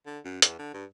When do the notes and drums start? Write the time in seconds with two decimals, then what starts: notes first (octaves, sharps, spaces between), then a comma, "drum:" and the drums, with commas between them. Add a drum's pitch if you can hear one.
0.06 D3
0.25 F#2
0.42 E2, drum: hi-hat
0.59 D3
0.74 G2